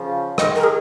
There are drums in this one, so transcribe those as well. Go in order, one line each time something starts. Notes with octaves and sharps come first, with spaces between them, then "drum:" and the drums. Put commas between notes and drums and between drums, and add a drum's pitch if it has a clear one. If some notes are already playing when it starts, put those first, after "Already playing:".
Already playing: C#3 F3
D#3 G#3 D#5, drum: rim click
A#4
G#4